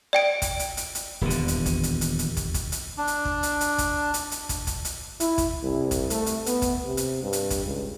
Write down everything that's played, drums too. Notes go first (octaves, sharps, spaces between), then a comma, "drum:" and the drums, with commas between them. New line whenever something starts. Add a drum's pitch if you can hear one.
D5 G5 D7
drum: kick, hi-hat
drum: hi-hat
drum: hi-hat
drum: hi-hat
D#1 E2 D3
drum: hi-hat
drum: hi-hat
drum: kick, hi-hat
drum: hi-hat
drum: hi-hat
drum: hi-hat
drum: kick, hi-hat
drum: kick, hi-hat
drum: hi-hat
D4
drum: hi-hat
drum: kick
drum: hi-hat
drum: hi-hat
drum: kick, hi-hat
drum: hi-hat
drum: hi-hat
drum: kick, hi-hat
drum: kick, hi-hat
drum: hi-hat
E4, drum: hi-hat
drum: kick, hi-hat
C2
drum: kick, hi-hat
A3, drum: hi-hat
drum: hi-hat
B3, drum: hi-hat
drum: kick, hi-hat
C3
drum: hi-hat
G2
drum: hi-hat
drum: kick, hi-hat
C#2